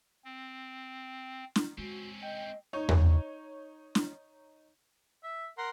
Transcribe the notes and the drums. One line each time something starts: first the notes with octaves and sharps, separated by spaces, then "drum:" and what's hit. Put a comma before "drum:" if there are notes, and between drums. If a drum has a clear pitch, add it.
C4
drum: snare
G#3 C4 C#4 F#4
D#5 G5
D#4 C#5
drum: tom E2
drum: snare
E5
A#4 F#5 A#5 C6